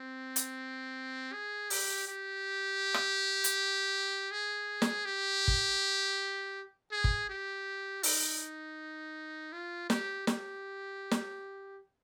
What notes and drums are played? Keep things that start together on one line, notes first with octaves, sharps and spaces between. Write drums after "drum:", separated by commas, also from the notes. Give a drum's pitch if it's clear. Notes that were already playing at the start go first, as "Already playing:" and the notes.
Already playing: C4
drum: hi-hat
G#4
G4, drum: open hi-hat
G4
drum: rim click
drum: hi-hat
G#4
drum: snare
G4
drum: kick G1
G#4
drum: kick G1
G4
D#4, drum: open hi-hat
F4
G4, drum: snare
G4, drum: snare
drum: snare